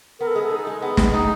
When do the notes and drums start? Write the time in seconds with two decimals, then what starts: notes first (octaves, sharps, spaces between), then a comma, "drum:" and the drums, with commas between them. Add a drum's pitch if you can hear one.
0.19 B3 A#4
0.27 A4
0.35 G#3 G#4
0.42 A4
0.51 D#4
0.67 G#3
0.82 B3 G#4
0.97 G#3, drum: snare
1.13 D#4